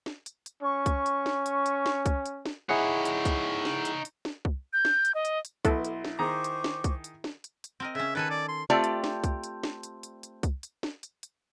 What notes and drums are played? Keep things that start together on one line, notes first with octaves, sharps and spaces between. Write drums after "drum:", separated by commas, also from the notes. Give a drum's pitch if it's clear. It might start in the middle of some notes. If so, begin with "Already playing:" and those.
drum: snare
drum: hi-hat
drum: hi-hat
C#4 C#6
drum: kick C2, hi-hat
drum: hi-hat
drum: snare
drum: hi-hat
drum: hi-hat
drum: snare
drum: kick C2, hi-hat
drum: hi-hat
drum: snare
D#4 E4 G#4 C#5 F#5
drum: hi-hat
drum: kick C2, hi-hat
drum: snare
drum: hi-hat
drum: hi-hat
drum: snare
drum: kick C2
G6
drum: snare
drum: hi-hat
D#5
drum: hi-hat
drum: hi-hat
B1 E4 A4 B4 C6, drum: kick C2, hi-hat
drum: hi-hat
drum: snare
D#3 G#4 C5 A#5 C#6 D6
drum: hi-hat
drum: snare
drum: kick C2, hi-hat
drum: hi-hat
drum: snare
drum: hi-hat
drum: hi-hat
C4 A#4 D#5
C#3 C#4 E5
D#3 A4 B4 G#5
D5
C6
A3 C4 F4 G4 D5
drum: hi-hat
drum: snare
drum: kick C2, hi-hat
drum: hi-hat
drum: snare
drum: hi-hat
drum: hi-hat
drum: hi-hat
drum: kick C2, hi-hat
drum: hi-hat
drum: snare
drum: hi-hat
drum: hi-hat